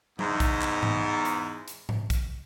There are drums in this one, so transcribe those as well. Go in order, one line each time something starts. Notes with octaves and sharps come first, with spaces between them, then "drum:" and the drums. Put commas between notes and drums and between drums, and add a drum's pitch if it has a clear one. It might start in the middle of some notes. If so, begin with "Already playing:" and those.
E2 G#2, drum: tom F#3
drum: kick B1, hi-hat
drum: clap
drum: tom G#2
drum: hi-hat
drum: hi-hat
drum: tom G#2
drum: kick B1, hi-hat